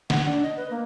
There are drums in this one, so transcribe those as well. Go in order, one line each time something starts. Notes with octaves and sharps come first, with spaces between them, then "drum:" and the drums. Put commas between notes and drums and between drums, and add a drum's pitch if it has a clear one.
F#5, drum: snare
D4
D#5
B4
A#3